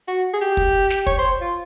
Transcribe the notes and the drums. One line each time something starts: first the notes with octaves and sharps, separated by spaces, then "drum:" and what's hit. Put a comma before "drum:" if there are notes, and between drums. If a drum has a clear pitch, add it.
F#4
G#4
G4
drum: kick
drum: snare
C#5, drum: kick
C5
F4